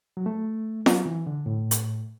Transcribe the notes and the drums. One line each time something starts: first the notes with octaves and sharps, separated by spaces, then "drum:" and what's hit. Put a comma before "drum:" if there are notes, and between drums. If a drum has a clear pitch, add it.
F#3
A3
F#3, drum: snare
E3
D3
A2
drum: hi-hat